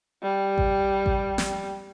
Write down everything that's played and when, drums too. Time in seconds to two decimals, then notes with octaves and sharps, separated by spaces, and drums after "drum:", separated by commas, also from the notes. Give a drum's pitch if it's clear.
0.23 G3
0.58 drum: kick A1
1.06 drum: kick A1
1.38 drum: snare